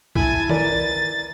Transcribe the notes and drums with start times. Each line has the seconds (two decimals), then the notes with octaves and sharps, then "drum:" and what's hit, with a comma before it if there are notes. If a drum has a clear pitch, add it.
0.15 E4 G#5 A5, drum: kick B1
0.49 A#4 B4 D5 A6, drum: tom D#3